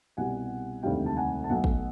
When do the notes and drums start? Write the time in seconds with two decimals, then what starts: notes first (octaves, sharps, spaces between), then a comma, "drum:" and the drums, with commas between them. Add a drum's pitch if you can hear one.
0.17 C2 B2 G3 F#5 G#5
0.83 E1 D2 C3 D#3 G3 F5 G5
1.06 A5
1.17 F#5 G#5
1.44 A5
1.50 B1 B2 F#3 A3 F#5 G#5
1.64 drum: kick